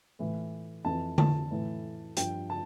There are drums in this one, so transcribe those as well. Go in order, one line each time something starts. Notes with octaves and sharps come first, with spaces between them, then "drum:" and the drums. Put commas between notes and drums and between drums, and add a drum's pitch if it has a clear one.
A2 E3
F2 E3 A5
A5, drum: tom D3
A2 E3
G2 F3 G5, drum: hi-hat
A5